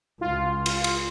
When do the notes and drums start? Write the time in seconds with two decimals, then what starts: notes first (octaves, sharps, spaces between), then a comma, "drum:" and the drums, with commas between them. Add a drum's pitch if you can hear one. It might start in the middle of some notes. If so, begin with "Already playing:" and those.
0.21 C#2 F4
0.66 F4, drum: cymbal
0.84 drum: cymbal